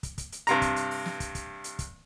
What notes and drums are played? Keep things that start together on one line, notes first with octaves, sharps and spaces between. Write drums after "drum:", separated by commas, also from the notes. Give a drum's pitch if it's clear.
drum: kick, hi-hat
drum: kick, hi-hat
drum: hi-hat
G2 C3 A#5, drum: hi-hat
drum: kick, hi-hat
drum: hi-hat
drum: open hi-hat
drum: snare
drum: kick, hi-hat
drum: kick, hi-hat
drum: hi-hat
drum: kick, hi-hat